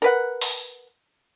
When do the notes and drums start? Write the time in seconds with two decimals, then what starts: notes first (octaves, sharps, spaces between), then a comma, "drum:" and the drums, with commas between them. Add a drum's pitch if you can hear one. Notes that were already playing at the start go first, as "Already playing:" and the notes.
0.02 A#4 B4 F#5
0.41 drum: open hi-hat